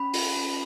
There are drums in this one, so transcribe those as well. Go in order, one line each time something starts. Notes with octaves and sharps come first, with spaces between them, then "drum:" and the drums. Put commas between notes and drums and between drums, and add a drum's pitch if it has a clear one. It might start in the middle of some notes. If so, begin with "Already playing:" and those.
Already playing: C#4 B5
F4, drum: open hi-hat
C#4